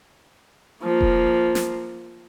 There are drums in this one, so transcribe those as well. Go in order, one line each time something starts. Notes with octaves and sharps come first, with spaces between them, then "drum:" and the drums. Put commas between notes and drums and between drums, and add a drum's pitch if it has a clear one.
F3 A#3
drum: kick E1
drum: snare